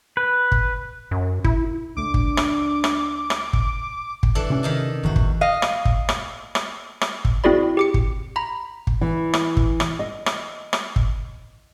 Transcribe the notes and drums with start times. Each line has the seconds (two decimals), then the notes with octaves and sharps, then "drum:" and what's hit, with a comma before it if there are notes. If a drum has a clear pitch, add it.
0.17 B4
0.52 drum: kick
1.11 F#2
1.44 E4, drum: kick
1.97 C#2 A3 D4 D6
2.14 drum: kick
2.37 drum: rim click
2.84 drum: rim click
3.30 drum: rim click
3.53 drum: kick
4.23 drum: kick
4.35 E3 D4 A4
4.50 C3 C#4
4.63 D#3 D#4 A5
5.03 G1 E2 D#3 E3 F#4
5.16 drum: kick
5.41 D#5 F5
5.62 drum: rim click
5.85 drum: kick
6.09 drum: rim click
6.55 drum: rim click
7.01 drum: rim click
7.25 drum: kick
7.44 C4 E4 F#4 G#4 D5 B5
7.77 G4 D6 C#7
7.94 drum: kick
8.36 A#5 B5
8.87 drum: kick
9.01 E3
9.33 drum: rim click
9.57 drum: kick
9.80 drum: rim click
9.99 D#5
10.26 drum: rim click
10.73 drum: rim click
10.96 drum: kick